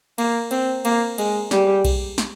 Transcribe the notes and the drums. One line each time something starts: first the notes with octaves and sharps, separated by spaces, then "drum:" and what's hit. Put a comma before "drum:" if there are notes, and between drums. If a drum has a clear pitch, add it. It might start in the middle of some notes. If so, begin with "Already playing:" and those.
A#3, drum: cymbal
C4, drum: cymbal
A#3, drum: cymbal
G#3, drum: cymbal
G3, drum: snare
drum: kick B1, cymbal
drum: snare